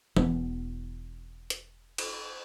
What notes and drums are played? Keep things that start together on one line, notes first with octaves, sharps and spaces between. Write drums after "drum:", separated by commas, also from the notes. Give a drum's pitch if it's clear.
E1 B3, drum: tom E3
drum: hi-hat
drum: cymbal